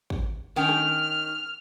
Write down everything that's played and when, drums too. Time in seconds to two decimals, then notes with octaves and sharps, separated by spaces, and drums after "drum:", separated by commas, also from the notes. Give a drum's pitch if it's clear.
0.10 drum: kick
0.56 D#3 C#4 G5 F6
0.69 drum: rim click